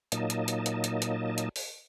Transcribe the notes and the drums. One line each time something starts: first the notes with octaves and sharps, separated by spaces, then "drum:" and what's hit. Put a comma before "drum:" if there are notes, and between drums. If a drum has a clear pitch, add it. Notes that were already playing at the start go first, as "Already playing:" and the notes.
A#2 F#3 A#3 D#4 D#5 A5, drum: hi-hat
drum: hi-hat
drum: hi-hat
drum: hi-hat
drum: hi-hat
drum: hi-hat
drum: hi-hat
drum: open hi-hat